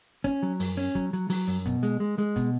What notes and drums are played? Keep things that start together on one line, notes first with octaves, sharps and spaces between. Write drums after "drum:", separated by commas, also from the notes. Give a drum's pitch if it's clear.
C#4, drum: kick, hi-hat
F#3
F#2, drum: open hi-hat
C#4, drum: hi-hat
F#3, drum: kick, hi-hat
F#3, drum: hi-hat
F#3, drum: open hi-hat
F#2, drum: hi-hat
B2, drum: kick, hi-hat
G#3, drum: hi-hat
G#3
G#3, drum: hi-hat
B2, drum: kick, hi-hat